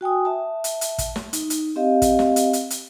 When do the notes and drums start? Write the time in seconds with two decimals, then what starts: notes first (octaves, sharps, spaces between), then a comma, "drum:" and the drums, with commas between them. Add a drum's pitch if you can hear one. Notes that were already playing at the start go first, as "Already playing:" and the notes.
0.01 F#4 G5 G#5 D#6
0.25 E5 A5
0.64 drum: hi-hat
0.81 drum: hi-hat
0.98 drum: kick, hi-hat
1.16 drum: snare
1.33 D#4, drum: hi-hat
1.50 drum: hi-hat
1.76 C4 G4 D#5 F5
2.02 drum: kick, hi-hat
2.19 drum: snare
2.36 drum: hi-hat
2.53 drum: hi-hat
2.70 drum: hi-hat